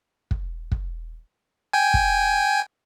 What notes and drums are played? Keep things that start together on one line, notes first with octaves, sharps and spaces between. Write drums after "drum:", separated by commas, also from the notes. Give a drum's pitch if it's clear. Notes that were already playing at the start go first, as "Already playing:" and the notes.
drum: kick
drum: kick
G5 G#5
drum: kick